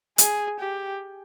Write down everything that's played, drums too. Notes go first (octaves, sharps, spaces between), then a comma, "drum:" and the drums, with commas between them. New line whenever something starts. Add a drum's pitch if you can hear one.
G#4, drum: hi-hat
G4